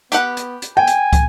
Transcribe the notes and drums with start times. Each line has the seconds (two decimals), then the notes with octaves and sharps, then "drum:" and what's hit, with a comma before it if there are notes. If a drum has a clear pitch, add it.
0.12 B3 G4 B4 F#5, drum: hi-hat
0.37 drum: hi-hat
0.62 drum: hi-hat
0.77 G5 G#5
0.87 drum: hi-hat
1.13 drum: kick, hi-hat